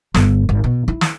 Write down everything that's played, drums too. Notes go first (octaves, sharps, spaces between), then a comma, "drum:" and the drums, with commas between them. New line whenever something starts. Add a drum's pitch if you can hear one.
G1, drum: snare
G#1
B2
E4
drum: snare